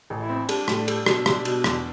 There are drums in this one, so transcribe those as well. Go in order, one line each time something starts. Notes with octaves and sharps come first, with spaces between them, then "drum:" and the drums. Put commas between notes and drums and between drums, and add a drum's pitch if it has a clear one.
A1
E4
C4
G3 D4, drum: cymbal
A2, drum: rim click
D4
G3, drum: cymbal
B2 D4, drum: rim click
G3, drum: rim click
B2, drum: cymbal
E2, drum: rim click